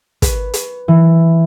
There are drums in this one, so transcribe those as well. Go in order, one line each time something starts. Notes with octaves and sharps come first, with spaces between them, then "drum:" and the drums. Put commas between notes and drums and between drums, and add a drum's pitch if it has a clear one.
B4, drum: kick, hi-hat
drum: hi-hat
E3